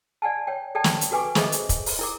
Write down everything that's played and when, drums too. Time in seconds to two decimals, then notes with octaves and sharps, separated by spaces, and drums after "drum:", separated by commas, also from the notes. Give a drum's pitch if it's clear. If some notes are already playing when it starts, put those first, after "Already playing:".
0.22 D5 F#5 G#5 A5
0.47 C#5 G5
0.75 A4 D5 G5 A5
0.84 drum: snare
1.01 drum: hi-hat
1.11 F#4 A4 B4 G#5 C#6 D6
1.35 G#4 A4 C5 D#5 E5, drum: snare
1.52 drum: hi-hat
1.69 drum: kick, hi-hat
1.86 drum: open hi-hat
1.99 E4 A#4 D6